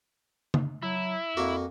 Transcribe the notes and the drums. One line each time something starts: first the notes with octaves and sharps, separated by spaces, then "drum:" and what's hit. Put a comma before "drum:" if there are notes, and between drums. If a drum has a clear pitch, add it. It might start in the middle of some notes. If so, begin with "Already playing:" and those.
drum: tom C#3
F#3 E4
F2 A#3 F#4